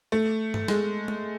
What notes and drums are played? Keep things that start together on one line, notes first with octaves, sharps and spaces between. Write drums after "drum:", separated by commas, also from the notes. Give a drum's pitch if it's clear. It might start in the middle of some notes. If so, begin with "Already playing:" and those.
A3
drum: tom
G#3, drum: snare
drum: tom